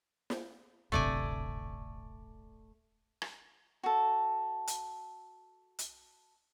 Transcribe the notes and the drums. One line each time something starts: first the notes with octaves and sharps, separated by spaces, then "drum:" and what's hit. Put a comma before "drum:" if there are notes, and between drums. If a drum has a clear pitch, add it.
drum: snare
D1 G1 C3 A3 D5 G#5, drum: tom D2
drum: rim click
F#4 A4
drum: hi-hat
drum: hi-hat